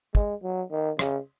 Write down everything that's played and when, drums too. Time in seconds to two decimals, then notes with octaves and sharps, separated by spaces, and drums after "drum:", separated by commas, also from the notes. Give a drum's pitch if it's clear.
0.15 G#3, drum: kick
0.43 F#3
0.71 D#3
0.99 C#3, drum: rim click